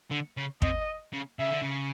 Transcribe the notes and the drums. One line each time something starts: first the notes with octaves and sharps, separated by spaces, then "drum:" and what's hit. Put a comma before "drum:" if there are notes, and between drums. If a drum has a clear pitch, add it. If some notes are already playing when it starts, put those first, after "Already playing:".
D3
C#3
C3 D#5, drum: kick
C#3
C#3 E5
D3
C#3